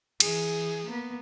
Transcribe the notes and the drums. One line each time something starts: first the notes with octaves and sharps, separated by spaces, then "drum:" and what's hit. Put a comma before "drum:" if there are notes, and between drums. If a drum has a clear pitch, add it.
E3 G#4, drum: cymbal
A#3 B3